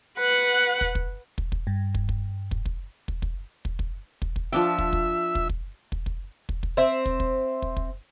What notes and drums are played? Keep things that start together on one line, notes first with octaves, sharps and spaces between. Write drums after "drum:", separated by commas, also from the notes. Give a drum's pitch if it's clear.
B4 F#5
drum: kick
drum: kick
drum: kick
drum: kick
G2
drum: kick
drum: kick
drum: kick
drum: kick
drum: kick
drum: kick
drum: kick
drum: kick
drum: kick
drum: kick
F3 D4 E5 G5
drum: kick
drum: kick
drum: kick
drum: kick
drum: kick
drum: kick
drum: kick
drum: kick
C4 E5
drum: kick
drum: kick
drum: kick
drum: kick